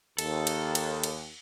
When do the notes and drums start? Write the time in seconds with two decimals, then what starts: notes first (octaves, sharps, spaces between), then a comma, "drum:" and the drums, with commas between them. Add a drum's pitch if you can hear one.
0.18 D#2 A4, drum: cymbal
0.47 drum: cymbal
0.75 drum: cymbal
1.03 drum: cymbal